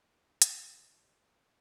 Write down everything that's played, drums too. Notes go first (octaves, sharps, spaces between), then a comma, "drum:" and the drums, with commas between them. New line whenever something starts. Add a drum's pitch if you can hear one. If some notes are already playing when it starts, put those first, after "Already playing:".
A#2
G#2
drum: hi-hat
C#3
D#2
C3
F4